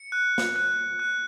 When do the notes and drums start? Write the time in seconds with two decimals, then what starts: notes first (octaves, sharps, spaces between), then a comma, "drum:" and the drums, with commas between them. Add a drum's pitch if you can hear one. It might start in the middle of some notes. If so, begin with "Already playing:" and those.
Already playing: C#7
0.12 F#6
0.38 drum: snare
0.56 F#6
0.99 F#6